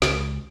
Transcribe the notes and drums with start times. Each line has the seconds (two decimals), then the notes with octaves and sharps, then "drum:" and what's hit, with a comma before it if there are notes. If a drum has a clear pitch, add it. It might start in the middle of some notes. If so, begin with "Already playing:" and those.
0.02 C#2, drum: snare